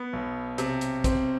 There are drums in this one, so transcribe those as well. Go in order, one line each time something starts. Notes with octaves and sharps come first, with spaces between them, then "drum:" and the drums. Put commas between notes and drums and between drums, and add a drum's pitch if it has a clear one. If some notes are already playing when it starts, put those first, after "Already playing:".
Already playing: B3
B1
C3, drum: hi-hat
drum: hi-hat
C4, drum: kick, hi-hat